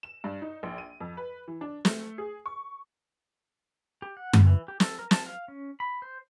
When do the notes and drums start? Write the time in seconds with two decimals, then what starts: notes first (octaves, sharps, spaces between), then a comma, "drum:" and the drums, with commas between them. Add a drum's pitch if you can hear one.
0.03 E7
0.24 G2
0.42 D#4
0.63 A#1
0.78 D#7
1.00 F2
1.17 B4
1.48 E3
1.61 D4
1.85 A3, drum: snare
2.18 G#4
2.46 C#6
4.02 G4
4.17 F#5
4.33 drum: tom F#2
4.47 E3
4.68 G4
4.80 A4, drum: snare
4.99 A#4
5.11 A5, drum: snare
5.26 F5
5.48 C#4
5.80 B5
6.02 C5